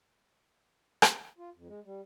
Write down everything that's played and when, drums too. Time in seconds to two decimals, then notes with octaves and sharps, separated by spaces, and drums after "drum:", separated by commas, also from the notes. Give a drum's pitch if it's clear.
1.02 drum: rim click
1.38 F4
1.56 F2
1.68 G#3
1.85 G3